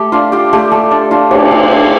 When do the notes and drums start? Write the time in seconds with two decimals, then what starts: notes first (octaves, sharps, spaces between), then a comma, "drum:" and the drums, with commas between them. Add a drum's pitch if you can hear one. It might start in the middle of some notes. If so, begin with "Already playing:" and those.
Already playing: A3 G4
0.12 D4 F4
0.32 F4 G4
0.53 A3 G4
0.71 A3 A4
0.91 D4 D5
1.11 D4 F4
1.31 A3 G4, drum: cymbal
1.51 F4
1.71 A3